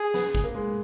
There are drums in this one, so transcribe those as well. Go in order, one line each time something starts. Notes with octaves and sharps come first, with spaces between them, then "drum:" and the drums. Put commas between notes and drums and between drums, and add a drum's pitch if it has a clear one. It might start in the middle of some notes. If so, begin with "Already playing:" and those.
Already playing: G#4
B3, drum: snare
drum: kick G#1
A#3
G#3